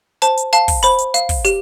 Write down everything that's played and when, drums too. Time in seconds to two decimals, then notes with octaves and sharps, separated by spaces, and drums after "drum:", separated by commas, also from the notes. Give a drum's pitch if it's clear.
0.22 C5 A5, drum: hi-hat
0.37 drum: hi-hat
0.53 F5 A5, drum: hi-hat
0.68 drum: kick, open hi-hat
0.83 C5 B5, drum: hi-hat
0.98 drum: hi-hat
1.14 F5, drum: hi-hat
1.29 drum: kick, open hi-hat
1.45 G4, drum: hi-hat